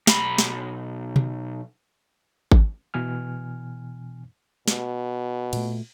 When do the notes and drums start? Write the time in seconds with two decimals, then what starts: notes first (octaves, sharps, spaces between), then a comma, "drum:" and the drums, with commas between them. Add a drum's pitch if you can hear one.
0.07 B1 B5, drum: snare
0.38 drum: snare
1.16 drum: tom B2
2.52 drum: kick G#1
2.94 B2 E3 G#5 F6
4.68 B2, drum: snare
5.53 A#2 A3, drum: cymbal